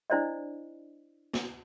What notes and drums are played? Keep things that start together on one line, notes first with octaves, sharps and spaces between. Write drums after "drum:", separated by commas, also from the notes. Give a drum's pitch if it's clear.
D4 E4 C5 D5 D#5
drum: snare